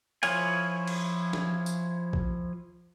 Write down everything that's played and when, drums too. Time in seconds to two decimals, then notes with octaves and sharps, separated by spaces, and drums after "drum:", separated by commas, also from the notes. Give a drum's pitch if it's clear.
0.23 F3 E4 C#5 F5 G#5, drum: cymbal
0.88 drum: cymbal
1.33 drum: snare
1.66 drum: tambourine
2.13 drum: kick A#1